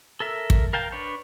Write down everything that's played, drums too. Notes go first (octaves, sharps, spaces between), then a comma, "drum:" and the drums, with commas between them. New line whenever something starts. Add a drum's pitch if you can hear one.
A4 A#4 E5
drum: kick
A#4 F5 G5 A5
D4 B4 C#5